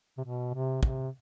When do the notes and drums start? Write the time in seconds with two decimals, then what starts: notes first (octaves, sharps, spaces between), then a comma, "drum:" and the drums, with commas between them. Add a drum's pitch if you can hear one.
0.18 C3
0.24 B2
0.54 C3
0.83 C3, drum: kick